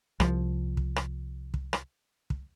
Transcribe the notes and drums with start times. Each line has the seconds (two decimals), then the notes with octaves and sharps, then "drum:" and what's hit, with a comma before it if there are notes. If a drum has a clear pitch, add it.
0.20 C2 F3, drum: rim click
0.77 drum: kick
0.96 drum: rim click
1.54 drum: kick
1.73 drum: rim click
2.30 drum: kick